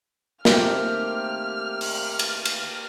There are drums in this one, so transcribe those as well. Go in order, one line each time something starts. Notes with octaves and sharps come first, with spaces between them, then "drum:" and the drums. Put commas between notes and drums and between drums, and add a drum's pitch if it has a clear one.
D#3 A3 A#3 C4 G4 F6, drum: snare
drum: open hi-hat
drum: cymbal
drum: cymbal